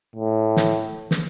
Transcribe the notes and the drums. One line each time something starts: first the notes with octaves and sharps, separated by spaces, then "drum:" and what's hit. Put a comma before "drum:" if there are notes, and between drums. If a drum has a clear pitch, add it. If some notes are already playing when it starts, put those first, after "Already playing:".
A2
drum: snare
drum: snare